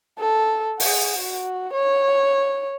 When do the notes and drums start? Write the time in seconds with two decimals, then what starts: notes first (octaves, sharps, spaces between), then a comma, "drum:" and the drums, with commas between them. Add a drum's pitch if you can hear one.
0.19 A4
0.80 G#4 F#5, drum: open hi-hat
1.18 F#4
1.73 C#5